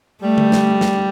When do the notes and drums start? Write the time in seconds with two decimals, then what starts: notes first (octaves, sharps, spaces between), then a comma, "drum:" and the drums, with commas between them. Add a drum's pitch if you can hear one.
0.23 G3 A3
0.38 drum: tom D3
0.52 drum: snare
0.81 drum: snare